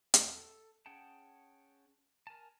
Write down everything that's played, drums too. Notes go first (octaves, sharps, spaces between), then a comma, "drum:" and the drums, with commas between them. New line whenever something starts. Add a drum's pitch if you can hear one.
drum: hi-hat
A4
C#4 G#4 F#5 G5 A5
A#4 G#5 A5